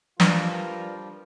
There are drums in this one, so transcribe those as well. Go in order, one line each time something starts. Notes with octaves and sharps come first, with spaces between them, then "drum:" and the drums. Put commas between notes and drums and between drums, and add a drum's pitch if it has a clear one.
F3 G3 D4 F4 A#4 B4 D5, drum: snare